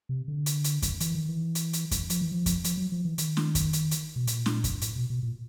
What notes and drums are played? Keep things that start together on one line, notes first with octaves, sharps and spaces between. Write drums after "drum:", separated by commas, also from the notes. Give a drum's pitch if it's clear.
C3
D3
drum: hi-hat
drum: hi-hat
drum: kick F2, hi-hat
E3, drum: hi-hat
D#3
E3
drum: hi-hat
drum: hi-hat
drum: kick F2, hi-hat
F3, drum: hi-hat
E3
F3
drum: kick F2, hi-hat
F3, drum: hi-hat
F#3
F3
E3
D#3, drum: hi-hat
drum: snare
drum: kick F2, hi-hat
drum: hi-hat
drum: hi-hat
B2
A#2, drum: hi-hat
drum: snare
drum: kick F2, hi-hat
A2, drum: hi-hat
B2
B2
A#2